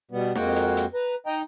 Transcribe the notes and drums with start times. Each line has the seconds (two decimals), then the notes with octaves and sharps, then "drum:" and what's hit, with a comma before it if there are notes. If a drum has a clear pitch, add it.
0.11 B2 G3 B3
0.35 F2 G#3 A#3 F#4 F#5 G5, drum: snare
0.56 drum: hi-hat
0.77 drum: hi-hat
0.94 B4 A#5
1.26 D#4 D#5 G5 A#5